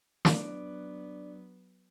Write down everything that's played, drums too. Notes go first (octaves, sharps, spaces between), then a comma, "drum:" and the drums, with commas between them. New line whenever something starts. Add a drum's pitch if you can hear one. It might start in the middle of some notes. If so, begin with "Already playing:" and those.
F#3 B3 D4 D5, drum: snare